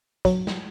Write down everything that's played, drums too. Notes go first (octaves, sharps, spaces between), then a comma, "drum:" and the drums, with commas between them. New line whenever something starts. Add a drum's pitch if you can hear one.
F#3, drum: kick, hi-hat
drum: snare